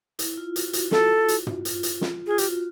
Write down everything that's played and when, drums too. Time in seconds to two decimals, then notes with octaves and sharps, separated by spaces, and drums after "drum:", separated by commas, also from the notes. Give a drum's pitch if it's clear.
0.19 E4, drum: hi-hat
0.37 F4
0.56 F#4, drum: hi-hat
0.73 F#4, drum: hi-hat
0.91 A4, drum: snare
1.28 drum: hi-hat
1.47 drum: tom
1.65 F4, drum: hi-hat
1.83 drum: hi-hat
2.01 drum: snare
2.27 F4 G#4
2.38 F#4 G4, drum: hi-hat